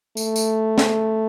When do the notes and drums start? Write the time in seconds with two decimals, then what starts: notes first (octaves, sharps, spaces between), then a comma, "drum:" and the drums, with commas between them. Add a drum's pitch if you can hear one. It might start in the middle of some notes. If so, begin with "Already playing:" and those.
0.17 A3, drum: tambourine
0.36 drum: tambourine
0.78 drum: snare